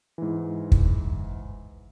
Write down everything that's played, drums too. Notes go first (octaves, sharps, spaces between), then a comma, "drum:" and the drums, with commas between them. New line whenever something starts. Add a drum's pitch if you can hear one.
G#2 E3
drum: kick